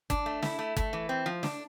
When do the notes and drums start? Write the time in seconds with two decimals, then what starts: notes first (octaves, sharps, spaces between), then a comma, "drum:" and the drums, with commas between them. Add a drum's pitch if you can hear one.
0.10 D4, drum: kick G1, hi-hat
0.26 A3
0.42 E4, drum: snare
0.59 A3
0.76 A3, drum: kick G1, hi-hat
0.93 E3
1.09 C4
1.26 F3
1.43 D4, drum: snare